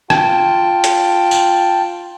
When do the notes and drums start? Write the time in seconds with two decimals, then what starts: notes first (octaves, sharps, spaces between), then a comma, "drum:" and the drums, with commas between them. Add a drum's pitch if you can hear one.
0.10 F4 G5 A5, drum: rim click
0.84 drum: hi-hat
1.31 drum: tambourine